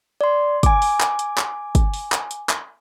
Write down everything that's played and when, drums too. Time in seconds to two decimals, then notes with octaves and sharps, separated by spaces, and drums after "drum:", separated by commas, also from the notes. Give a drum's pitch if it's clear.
0.21 D5 C6
0.63 G#5 D6, drum: kick, hi-hat
0.82 drum: open hi-hat
1.00 drum: clap
1.19 drum: hi-hat
1.38 drum: clap
1.75 drum: kick, hi-hat
1.94 drum: open hi-hat
2.12 drum: clap
2.31 drum: hi-hat
2.49 drum: clap